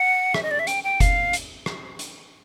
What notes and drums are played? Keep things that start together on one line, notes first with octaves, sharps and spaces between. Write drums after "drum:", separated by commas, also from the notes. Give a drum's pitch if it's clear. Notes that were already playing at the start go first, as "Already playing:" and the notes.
Already playing: F#5
E5, drum: rim click
D#5
D5
E5
G5, drum: hi-hat
G5
F5, drum: kick F#1, hi-hat
drum: hi-hat
drum: rim click
drum: hi-hat